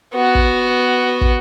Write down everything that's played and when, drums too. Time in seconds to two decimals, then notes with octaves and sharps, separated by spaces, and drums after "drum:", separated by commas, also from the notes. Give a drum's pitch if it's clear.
0.13 B3 F#4
0.35 drum: kick
1.21 drum: kick